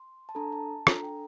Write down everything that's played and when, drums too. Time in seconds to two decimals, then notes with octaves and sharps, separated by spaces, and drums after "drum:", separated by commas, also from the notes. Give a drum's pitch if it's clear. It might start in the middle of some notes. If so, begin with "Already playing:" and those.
Already playing: C6
0.29 A5
0.35 D4 A4 A#5
0.52 A5
0.87 D4 A4 A#5, drum: rim click
1.03 G5